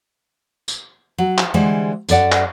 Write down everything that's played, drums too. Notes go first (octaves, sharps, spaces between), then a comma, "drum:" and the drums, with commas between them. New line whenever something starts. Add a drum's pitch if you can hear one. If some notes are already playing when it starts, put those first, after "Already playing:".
drum: tambourine
F#3
drum: clap
D3 E3 G3 G#3 C5
F#2 A4 D5 F#5, drum: tambourine
drum: clap